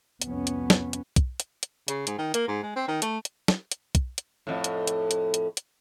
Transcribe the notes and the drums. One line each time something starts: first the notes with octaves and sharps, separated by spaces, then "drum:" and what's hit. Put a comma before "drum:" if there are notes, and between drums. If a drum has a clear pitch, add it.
C2 F2 B3 C#4, drum: hi-hat
drum: hi-hat
drum: snare
drum: hi-hat
drum: kick, hi-hat
drum: hi-hat
drum: hi-hat
C#3, drum: hi-hat
G#2, drum: hi-hat
D#3
A#3, drum: hi-hat
G#2
G#3
C4
D#3
A3, drum: hi-hat
drum: hi-hat
drum: snare
drum: hi-hat
drum: kick, hi-hat
drum: hi-hat
F2 A2
drum: hi-hat
drum: hi-hat
drum: hi-hat
drum: hi-hat
drum: hi-hat